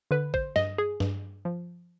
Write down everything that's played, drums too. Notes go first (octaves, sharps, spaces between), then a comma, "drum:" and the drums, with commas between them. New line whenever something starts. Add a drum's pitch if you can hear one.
D3 B4
C5, drum: kick
G2 D#5, drum: snare
G#4
G2, drum: snare
F3